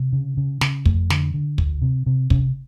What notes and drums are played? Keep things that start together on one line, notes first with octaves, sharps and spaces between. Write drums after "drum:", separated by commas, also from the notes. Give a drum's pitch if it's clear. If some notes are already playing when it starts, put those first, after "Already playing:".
Already playing: C3
C#3
C#3
C#3, drum: snare
F2 A3, drum: kick
D3, drum: snare
D3
D2, drum: kick
C3
C3
C3 C#4, drum: kick